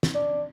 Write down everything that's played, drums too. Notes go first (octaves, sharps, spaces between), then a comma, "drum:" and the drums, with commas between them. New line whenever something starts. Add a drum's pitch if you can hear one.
drum: snare
D4